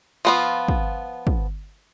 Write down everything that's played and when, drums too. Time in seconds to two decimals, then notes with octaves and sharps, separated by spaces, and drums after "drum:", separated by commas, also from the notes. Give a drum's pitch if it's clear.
0.25 F3 B3 F4
0.68 drum: kick
1.27 drum: kick